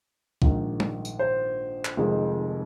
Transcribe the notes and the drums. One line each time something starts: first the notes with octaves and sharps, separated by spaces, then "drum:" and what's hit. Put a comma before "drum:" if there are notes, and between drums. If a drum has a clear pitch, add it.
A#1 G#2 D#3, drum: kick
drum: tom G3
drum: tambourine
C5
drum: clap
F1 F2 D#3 G#3